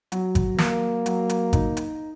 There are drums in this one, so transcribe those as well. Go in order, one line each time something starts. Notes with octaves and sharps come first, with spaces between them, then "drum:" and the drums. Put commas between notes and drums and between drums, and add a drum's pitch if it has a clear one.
F#3, drum: hi-hat
drum: kick G#1, hi-hat
F#3 A#3, drum: snare
F#3, drum: hi-hat
drum: hi-hat
D#4, drum: kick G#1, hi-hat
drum: hi-hat